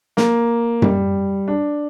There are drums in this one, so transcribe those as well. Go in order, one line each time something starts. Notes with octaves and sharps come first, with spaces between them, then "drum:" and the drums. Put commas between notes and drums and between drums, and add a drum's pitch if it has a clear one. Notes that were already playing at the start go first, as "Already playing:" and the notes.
A#3, drum: snare
G3, drum: tom F#2
D4